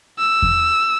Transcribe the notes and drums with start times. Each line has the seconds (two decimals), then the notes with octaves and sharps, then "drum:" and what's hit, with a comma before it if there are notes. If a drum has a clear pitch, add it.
0.19 E6
0.42 drum: kick E2